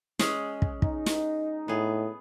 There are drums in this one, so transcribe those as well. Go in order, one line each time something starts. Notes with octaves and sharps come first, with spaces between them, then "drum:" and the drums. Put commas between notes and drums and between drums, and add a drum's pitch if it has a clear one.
G#3 C#4 G#4, drum: snare
drum: kick
D#4, drum: kick
drum: snare
A2 B3 G#4